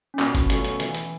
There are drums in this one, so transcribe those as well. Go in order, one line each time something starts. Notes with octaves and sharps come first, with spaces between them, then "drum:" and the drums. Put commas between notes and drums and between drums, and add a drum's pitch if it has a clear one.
C#4
B2 B3, drum: clap
drum: kick G1, hi-hat
F#3 A3 C#4, drum: hi-hat
drum: hi-hat
E3, drum: hi-hat
drum: hi-hat